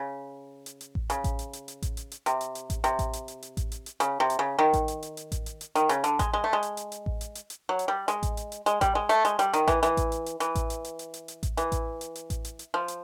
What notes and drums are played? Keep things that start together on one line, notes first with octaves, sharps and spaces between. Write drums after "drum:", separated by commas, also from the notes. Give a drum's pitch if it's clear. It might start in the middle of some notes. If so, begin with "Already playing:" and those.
Already playing: C#3
drum: hi-hat
drum: hi-hat
drum: kick A1
C#3, drum: hi-hat
drum: kick A1, hi-hat
drum: hi-hat
drum: hi-hat
drum: hi-hat
drum: kick A1, hi-hat
drum: hi-hat
drum: hi-hat
C3, drum: hi-hat
drum: hi-hat
drum: hi-hat
drum: kick A1, hi-hat
C3, drum: hi-hat
drum: kick A1, hi-hat
drum: hi-hat
drum: hi-hat
drum: hi-hat
drum: kick A1, hi-hat
drum: hi-hat
drum: hi-hat
C#3, drum: hi-hat
C3
drum: hi-hat
C#3
D#3
drum: kick A1, hi-hat
drum: hi-hat
drum: hi-hat
drum: hi-hat
drum: kick A1, hi-hat
drum: hi-hat
drum: hi-hat
D#3, drum: hi-hat
C#3, drum: hi-hat
D3, drum: hi-hat
G#3, drum: kick A1, hi-hat
G#3
A3
G#3
drum: hi-hat
drum: hi-hat
drum: hi-hat
drum: kick A1
drum: hi-hat
drum: hi-hat
drum: hi-hat
F#3
drum: hi-hat
G3
G#3, drum: hi-hat
drum: kick A1, hi-hat
drum: hi-hat
drum: hi-hat
G#3, drum: hi-hat
G3, drum: kick A1, hi-hat
G#3
A3, drum: hi-hat
G#3, drum: hi-hat
G3, drum: hi-hat
D#3, drum: hi-hat
E3, drum: kick A1, hi-hat
E3, drum: hi-hat
drum: kick A1, hi-hat
drum: hi-hat
drum: hi-hat
E3, drum: hi-hat
drum: kick A1, hi-hat
drum: hi-hat
drum: hi-hat
drum: hi-hat
drum: hi-hat
drum: hi-hat
drum: kick A1, hi-hat
E3, drum: hi-hat
drum: kick A1, hi-hat
drum: hi-hat
drum: hi-hat
drum: kick A1, hi-hat
drum: hi-hat
drum: hi-hat
F3
drum: hi-hat